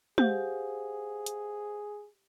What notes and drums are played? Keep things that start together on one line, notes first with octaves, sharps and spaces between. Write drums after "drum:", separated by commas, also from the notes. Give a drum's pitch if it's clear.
G4 G#4 C5 F5 F#5, drum: tom
drum: hi-hat